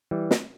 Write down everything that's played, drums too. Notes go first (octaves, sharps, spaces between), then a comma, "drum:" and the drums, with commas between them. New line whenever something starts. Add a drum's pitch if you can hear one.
E3 G3
drum: snare